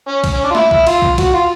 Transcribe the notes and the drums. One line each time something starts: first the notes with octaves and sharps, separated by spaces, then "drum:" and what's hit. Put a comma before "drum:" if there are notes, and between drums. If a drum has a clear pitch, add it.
C#4
drum: kick, cymbal
C#4
D4
F4
E4, drum: snare
E4, drum: kick
F4, drum: cymbal
drum: kick
F#4, drum: kick, cymbal
F4